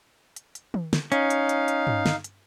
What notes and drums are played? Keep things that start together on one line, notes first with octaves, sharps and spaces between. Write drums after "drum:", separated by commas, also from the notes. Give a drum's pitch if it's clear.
drum: hi-hat
drum: hi-hat
drum: tom
drum: snare
C#4 D#4 F5, drum: hi-hat
drum: hi-hat
drum: hi-hat
drum: hi-hat
drum: tom
drum: snare
drum: hi-hat